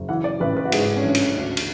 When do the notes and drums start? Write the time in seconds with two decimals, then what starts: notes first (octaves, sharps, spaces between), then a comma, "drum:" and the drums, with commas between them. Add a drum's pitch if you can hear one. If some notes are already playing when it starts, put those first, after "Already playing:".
Already playing: F#1
0.09 E3 F#5
0.24 D5
0.40 A1 B4
0.57 B4
0.65 F#4
0.72 G#2 G#4, drum: cymbal
0.97 C#4
1.04 A1 D4
1.15 drum: cymbal
1.36 D2
1.57 drum: cymbal